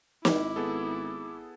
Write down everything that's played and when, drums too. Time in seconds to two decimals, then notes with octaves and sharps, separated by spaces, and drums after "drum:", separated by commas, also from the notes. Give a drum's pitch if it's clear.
0.25 G#1 E4 D6, drum: snare
0.56 B3 G#4 A4